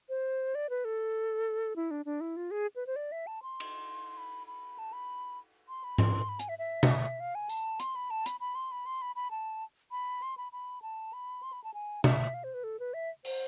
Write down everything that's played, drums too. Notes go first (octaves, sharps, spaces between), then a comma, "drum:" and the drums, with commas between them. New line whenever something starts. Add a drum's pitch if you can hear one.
C5
D5
B4
A4
E4
D4
D4
E4
F4
G#4
B4
C5
D5
E5
A5
C6
drum: cymbal
B5
B5
A5
B5
C6
B5
C6, drum: tom G#2
B5
G#5, drum: hi-hat
E5
E5
drum: tom B2
F5
G#5
A5, drum: tambourine
C6, drum: hi-hat
B5
A5
B5, drum: hi-hat
B5
C6
B5
C6
B5
B5
A5
B5
C6
B5
B5
A5
B5
C6
B5
A5
G#5
E5, drum: tom B2
F5
C5
B4
A4
B4
E5
C5, drum: open hi-hat